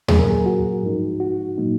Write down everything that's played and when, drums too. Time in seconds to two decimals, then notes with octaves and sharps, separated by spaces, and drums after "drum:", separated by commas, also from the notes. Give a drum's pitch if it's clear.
0.08 A#2 F#3 A#3 C#4 G#4, drum: tom D#2
0.19 A#4
0.31 G#4
0.46 F#4
0.83 G#2 F3 G#3 D#4
1.20 F#4
1.58 A#2 F#3 A#3 D#4